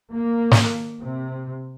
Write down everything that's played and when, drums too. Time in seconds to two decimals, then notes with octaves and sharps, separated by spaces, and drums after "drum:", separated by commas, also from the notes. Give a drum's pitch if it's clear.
0.13 A#3
0.51 drum: snare
1.00 C3